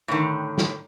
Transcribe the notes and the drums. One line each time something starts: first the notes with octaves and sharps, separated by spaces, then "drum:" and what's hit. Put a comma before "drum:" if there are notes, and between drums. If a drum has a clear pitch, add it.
A2 D3 D#3
drum: snare